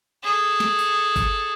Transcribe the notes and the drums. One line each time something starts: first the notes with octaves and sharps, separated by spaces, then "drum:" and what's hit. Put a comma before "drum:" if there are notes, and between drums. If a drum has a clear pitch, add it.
G#4 A4
drum: snare
drum: tambourine
drum: kick, tambourine